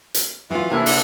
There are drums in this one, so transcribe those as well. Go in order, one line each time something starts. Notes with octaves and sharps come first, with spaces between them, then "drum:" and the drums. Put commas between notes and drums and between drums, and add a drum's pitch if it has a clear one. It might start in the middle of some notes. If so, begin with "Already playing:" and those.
drum: hi-hat
F#2 E3 F4
C3 A#3 D4 E4 G#5 F#6
D3, drum: open hi-hat